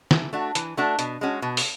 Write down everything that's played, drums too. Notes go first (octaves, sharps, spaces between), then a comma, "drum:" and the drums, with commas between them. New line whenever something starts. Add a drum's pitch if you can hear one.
E3, drum: snare
A3 D4 F#4
E3, drum: hi-hat
A3 D4 F#4
B2, drum: hi-hat
G#3 C#4 F#4
B2
drum: open hi-hat